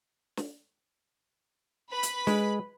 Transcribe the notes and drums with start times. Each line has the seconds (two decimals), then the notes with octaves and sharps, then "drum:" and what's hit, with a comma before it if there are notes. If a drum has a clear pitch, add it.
0.37 drum: snare
1.90 B4 B5
2.03 drum: hi-hat
2.27 G#3, drum: snare